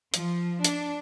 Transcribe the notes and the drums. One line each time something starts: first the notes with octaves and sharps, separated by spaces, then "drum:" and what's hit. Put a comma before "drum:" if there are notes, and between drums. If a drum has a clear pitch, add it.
F3, drum: hi-hat
D4, drum: hi-hat